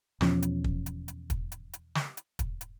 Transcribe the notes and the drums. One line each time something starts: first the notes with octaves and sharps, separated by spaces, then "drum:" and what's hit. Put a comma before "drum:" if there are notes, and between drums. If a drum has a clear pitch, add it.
E2 B2 F3 C#4, drum: snare
drum: hi-hat
drum: kick
drum: hi-hat
drum: hi-hat
drum: kick, hi-hat
drum: hi-hat
drum: hi-hat
drum: snare
drum: hi-hat
drum: kick, hi-hat
drum: hi-hat